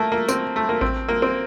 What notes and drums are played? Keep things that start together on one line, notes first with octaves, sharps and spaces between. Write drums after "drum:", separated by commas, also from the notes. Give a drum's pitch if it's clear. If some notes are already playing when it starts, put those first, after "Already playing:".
Already playing: A3 A#3
A#3
C4, drum: tambourine
A3
A#3
C4, drum: kick A1
A#3
C4